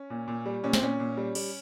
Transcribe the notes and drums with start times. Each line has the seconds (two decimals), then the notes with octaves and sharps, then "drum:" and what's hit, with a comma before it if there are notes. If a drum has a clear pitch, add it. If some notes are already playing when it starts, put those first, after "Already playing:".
Already playing: C#4
0.10 A#2
0.28 A#2
0.46 G3
0.64 A#2 C#4
0.73 C4, drum: snare
0.81 A#2 C#4
1.00 A#2
1.17 G3
1.35 G3, drum: cymbal